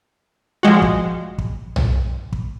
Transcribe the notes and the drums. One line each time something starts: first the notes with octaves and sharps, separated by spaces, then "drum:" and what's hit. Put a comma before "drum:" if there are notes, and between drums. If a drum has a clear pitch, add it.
F3 G3 G#3 F#4
drum: kick
drum: kick
drum: tom B1
drum: kick